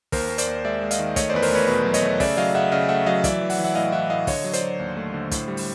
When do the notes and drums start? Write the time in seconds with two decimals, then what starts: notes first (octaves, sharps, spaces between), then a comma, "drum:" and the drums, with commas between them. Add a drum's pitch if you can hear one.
0.12 D#2 A#4 C5, drum: kick, open hi-hat
0.29 D#2
0.38 C5 D5, drum: hi-hat
0.47 D#2
0.65 G#3 D5 E5
0.82 G#3
0.91 D#5 F5, drum: hi-hat
0.99 D#3
1.16 A3 C#5 D#5, drum: kick, hi-hat
1.29 C5 D5
1.34 E2 B4
1.42 A#4 C5, drum: open hi-hat
1.51 A3 B4 C#5
1.67 B2 B4 C#5
1.85 F#3
1.94 C#5 D#5, drum: hi-hat
2.03 A3
2.20 C#3 D5 E5, drum: kick, open hi-hat
2.37 F#3 D#5 F5
2.54 C#3 E5 F#5
2.72 C#3 D#5 F5
2.89 A3 E5 F#5
3.06 F#3 D#5 F5
3.24 E3 D5 E5, drum: kick, hi-hat
3.41 E3
3.50 F#5, drum: open hi-hat
3.59 E3
3.64 E5 F#5
3.75 A2 D#5 F5
3.92 E3 E5 F#5
4.10 A2 D#5 F5
4.27 D3 C#5 D#5, drum: kick, open hi-hat
4.44 F#3
4.53 C5 D5, drum: hi-hat
4.62 F#3
4.80 D#2
4.97 A3
5.14 D3
5.31 A2, drum: kick, hi-hat
5.48 G3
5.57 drum: open hi-hat